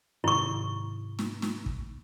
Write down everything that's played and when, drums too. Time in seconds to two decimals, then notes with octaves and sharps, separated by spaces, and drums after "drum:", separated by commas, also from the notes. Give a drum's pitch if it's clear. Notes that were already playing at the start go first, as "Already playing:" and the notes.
0.24 G#2 C3 D#3 E4 C#6
1.19 drum: snare
1.42 drum: snare
1.66 drum: kick